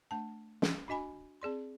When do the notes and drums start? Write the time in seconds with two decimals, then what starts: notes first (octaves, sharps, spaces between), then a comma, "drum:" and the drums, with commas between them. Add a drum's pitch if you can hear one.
0.11 A3 D4 A5
0.62 drum: snare
0.88 D4 F#4 D#5 G#5 B5
1.42 C4 G#4 D5 C6